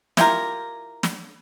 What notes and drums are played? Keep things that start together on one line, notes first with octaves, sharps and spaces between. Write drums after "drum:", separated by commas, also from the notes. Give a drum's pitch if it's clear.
E4 F4 G4 A#4, drum: snare
drum: snare